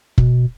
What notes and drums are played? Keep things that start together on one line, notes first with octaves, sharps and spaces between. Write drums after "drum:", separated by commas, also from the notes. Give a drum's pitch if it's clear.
B2, drum: kick